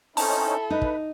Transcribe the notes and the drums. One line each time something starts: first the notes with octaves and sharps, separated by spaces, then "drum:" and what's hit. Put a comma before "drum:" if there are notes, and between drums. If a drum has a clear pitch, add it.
C4 C#4 D#4 E4 A4 A5, drum: open hi-hat
D#4 B4
drum: kick